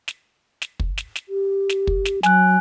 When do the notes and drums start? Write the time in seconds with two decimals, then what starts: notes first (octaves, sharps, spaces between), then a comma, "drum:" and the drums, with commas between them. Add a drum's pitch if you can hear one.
0.08 drum: snare
0.62 drum: snare
0.80 drum: kick
0.98 drum: snare
1.15 drum: snare
1.29 G4
1.69 drum: snare
1.87 drum: kick
2.05 drum: snare
2.23 F#3 G#5 F#6, drum: snare